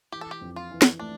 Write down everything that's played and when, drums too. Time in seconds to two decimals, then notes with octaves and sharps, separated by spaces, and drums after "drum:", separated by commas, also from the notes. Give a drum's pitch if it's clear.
0.12 E3 G4
0.21 A4
0.31 G4
0.41 F2
0.56 F4
0.71 E3
0.82 drum: snare
0.99 A3 D4